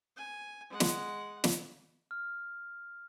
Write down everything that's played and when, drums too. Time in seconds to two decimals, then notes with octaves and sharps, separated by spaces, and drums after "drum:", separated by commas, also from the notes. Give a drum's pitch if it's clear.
0.17 G#5
0.70 G#3 F#5
0.80 drum: snare
1.44 drum: snare
2.11 F6